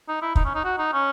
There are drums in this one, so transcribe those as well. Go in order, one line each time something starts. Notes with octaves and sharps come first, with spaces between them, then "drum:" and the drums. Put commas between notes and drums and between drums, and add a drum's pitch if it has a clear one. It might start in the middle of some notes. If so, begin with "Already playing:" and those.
D#4
E4
D#4, drum: kick
C#4
D#4
F#4
D#4
C#4